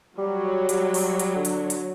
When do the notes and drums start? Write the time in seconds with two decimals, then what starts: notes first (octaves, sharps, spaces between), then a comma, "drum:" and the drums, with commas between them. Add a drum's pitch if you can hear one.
0.18 F#3 G3
0.69 G3, drum: hi-hat
0.94 drum: open hi-hat
1.19 drum: hi-hat
1.35 D3
1.45 drum: hi-hat
1.70 drum: hi-hat